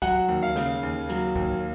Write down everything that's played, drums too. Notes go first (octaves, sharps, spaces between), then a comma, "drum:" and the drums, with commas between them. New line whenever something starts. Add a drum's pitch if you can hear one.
F#3 F#5, drum: kick C2, hi-hat
D#2
F5
C#3, drum: snare
D#2
F#3, drum: hi-hat
D#2, drum: kick C2